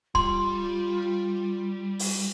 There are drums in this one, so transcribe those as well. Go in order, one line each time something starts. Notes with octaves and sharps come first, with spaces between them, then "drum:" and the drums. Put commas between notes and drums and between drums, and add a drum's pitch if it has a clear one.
G3 F4 C6, drum: kick C#1
drum: open hi-hat